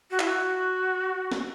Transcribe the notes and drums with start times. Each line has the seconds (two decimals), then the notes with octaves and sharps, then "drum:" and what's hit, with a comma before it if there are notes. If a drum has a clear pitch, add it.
0.11 F#4
0.19 E4, drum: clap
0.27 F#4
1.32 drum: snare